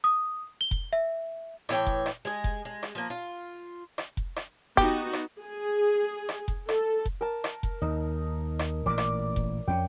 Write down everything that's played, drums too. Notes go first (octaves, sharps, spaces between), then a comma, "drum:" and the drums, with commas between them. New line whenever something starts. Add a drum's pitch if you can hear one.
D#6
G7
drum: kick F1
E5
A2 E3 C#5 G5, drum: rim click
drum: kick F1
drum: rim click
G#3 G#4
drum: kick F1
G#3
drum: rim click
F3 A#3
F4
drum: rim click
drum: kick F1
drum: rim click
B3 D#4 F#4 G4, drum: kick F1
drum: rim click
G#4
drum: rim click
drum: kick F1
A4, drum: rim click
drum: kick F1
A#4 A5
drum: rim click
drum: kick F1
D#2 D#4
drum: rim click
A1 A#2 D5 D6
drum: rim click
drum: kick F1
F2 C4 C#4 G5